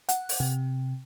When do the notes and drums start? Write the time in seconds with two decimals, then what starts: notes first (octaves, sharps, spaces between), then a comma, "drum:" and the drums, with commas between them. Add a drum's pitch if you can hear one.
0.09 F#5, drum: hi-hat
0.29 drum: open hi-hat
0.40 C3